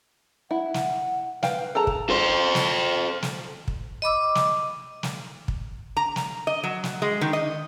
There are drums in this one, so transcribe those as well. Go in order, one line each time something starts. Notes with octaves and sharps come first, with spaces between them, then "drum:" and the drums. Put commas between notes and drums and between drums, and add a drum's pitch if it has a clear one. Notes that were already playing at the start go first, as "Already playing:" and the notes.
E4 F#5
drum: snare
B4 F5 G5, drum: snare
G#4 A4 A5 A#5
drum: kick
A4 C5
drum: snare
drum: snare
drum: kick
D#5 B5 D6 E6
drum: snare
drum: snare
drum: kick
A#5
drum: snare
D#5
F#3
drum: snare
G#3
D#3
D#5